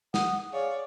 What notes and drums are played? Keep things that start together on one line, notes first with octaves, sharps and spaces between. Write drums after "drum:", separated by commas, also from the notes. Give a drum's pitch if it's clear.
F#5 D#6, drum: snare
G#4 C#5 D5 F5